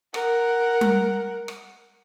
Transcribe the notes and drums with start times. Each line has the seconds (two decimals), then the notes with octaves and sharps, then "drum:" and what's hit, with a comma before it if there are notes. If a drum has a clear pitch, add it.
0.14 A#4 F#5, drum: rim click
0.81 drum: tom G3
1.48 drum: rim click